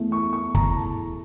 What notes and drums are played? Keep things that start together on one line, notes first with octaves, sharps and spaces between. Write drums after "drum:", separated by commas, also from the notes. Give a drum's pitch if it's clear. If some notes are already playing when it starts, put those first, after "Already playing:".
Already playing: E2 E3 A3
C#6
C#6
A#5, drum: kick
A5